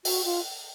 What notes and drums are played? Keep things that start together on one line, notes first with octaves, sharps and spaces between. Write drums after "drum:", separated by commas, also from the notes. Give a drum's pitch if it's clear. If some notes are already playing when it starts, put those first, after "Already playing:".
F#4, drum: open hi-hat
F4